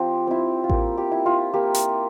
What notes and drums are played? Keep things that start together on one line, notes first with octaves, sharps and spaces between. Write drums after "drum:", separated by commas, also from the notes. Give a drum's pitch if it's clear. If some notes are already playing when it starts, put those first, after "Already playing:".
Already playing: F3 C4 G4
C4 E4
F4
A#3 G4, drum: kick A1
G4
E4
F4
A#3 G4
drum: hi-hat